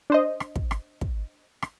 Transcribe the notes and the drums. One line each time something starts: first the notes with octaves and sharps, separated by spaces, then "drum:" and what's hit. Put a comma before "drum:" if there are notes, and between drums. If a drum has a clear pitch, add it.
D4 C5 D#5
drum: rim click
drum: kick
drum: rim click
drum: kick
drum: rim click